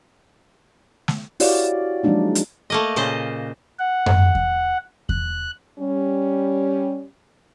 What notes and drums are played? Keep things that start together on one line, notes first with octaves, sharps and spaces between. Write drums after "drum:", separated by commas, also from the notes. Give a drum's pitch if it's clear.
drum: snare
E4 F#4 G4 C#5 D5 F5, drum: open hi-hat
F3 F#3 G#3 A#3 D4 D#4
drum: hi-hat
A3 A#3 D#5
A#2 C#3 C5 D#5
F#5
drum: tom F#2
drum: kick E2
F#6, drum: kick E2
G3 C#4